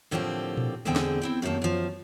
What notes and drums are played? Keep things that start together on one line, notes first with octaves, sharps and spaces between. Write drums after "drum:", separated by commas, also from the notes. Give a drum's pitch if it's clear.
A2 D3 F3 A#3 C4 G4
drum: tom A#2
E2 G#2 D3 C4 G#4 G5
drum: snare
C4 E4 G5
F#2 C3 D#3 A#3 A5
F#2 F3